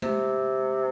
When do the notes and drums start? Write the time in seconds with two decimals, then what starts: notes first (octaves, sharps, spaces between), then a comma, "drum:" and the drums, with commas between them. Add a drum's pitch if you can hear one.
0.02 C3, drum: tom G#3